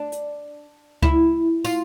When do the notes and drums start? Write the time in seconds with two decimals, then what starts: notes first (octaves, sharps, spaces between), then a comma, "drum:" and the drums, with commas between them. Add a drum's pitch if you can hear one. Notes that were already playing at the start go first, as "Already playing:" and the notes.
Already playing: D4
0.12 drum: hi-hat
1.03 E4, drum: kick C#2
1.65 F4, drum: tambourine